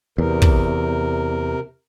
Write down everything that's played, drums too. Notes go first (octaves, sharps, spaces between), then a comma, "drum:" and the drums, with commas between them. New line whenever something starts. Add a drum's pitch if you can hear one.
E2 C3 A#4
drum: kick